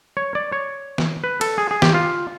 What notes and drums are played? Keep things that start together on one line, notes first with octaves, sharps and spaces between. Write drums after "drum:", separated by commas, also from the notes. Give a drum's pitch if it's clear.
C#5
D5
C#5
drum: snare
B4
A4, drum: cymbal
G#4
G#4
G4, drum: snare
F4